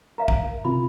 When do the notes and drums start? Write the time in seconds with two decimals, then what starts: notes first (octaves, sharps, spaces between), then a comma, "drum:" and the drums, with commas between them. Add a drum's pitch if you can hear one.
0.18 A#4 E5 F5 A#5
0.28 drum: kick
0.65 C3 C4 F4 B5